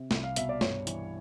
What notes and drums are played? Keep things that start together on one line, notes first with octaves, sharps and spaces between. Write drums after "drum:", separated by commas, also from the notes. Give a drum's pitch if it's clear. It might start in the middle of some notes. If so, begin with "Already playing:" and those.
Already playing: C3
C2, drum: snare
F5
B2 E5, drum: hi-hat
D5
G2 C#5, drum: snare
E3, drum: hi-hat